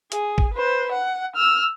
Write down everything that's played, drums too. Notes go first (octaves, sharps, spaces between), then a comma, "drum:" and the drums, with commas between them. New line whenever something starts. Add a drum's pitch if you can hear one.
G#4, drum: hi-hat
drum: kick
B4 C5
F#5
E6 F6